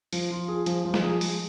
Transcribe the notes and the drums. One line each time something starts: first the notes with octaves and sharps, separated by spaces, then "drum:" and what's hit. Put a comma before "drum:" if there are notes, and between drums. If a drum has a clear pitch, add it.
F3, drum: open hi-hat
F4
G#4
F3, drum: hi-hat
F3
drum: snare
G#4
G#3, drum: open hi-hat